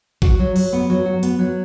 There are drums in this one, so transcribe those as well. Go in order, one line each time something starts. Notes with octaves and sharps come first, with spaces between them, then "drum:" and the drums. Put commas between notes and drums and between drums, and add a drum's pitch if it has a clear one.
F#4, drum: kick A1
F#3
F#3, drum: open hi-hat
B3
F#3
F#4
B3, drum: hi-hat
F#3